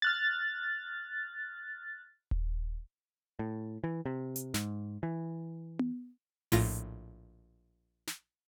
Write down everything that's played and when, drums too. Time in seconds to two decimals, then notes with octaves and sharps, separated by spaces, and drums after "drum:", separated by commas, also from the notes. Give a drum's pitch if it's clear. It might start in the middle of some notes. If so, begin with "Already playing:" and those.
0.02 F6 F#6 A6
2.31 drum: kick D#1
3.39 A2
3.84 E3
4.06 C3
4.36 drum: hi-hat
4.54 G#2, drum: snare
5.03 E3
5.79 drum: tom B3
6.52 A#1 A2 F4 A#6, drum: open hi-hat
8.07 drum: snare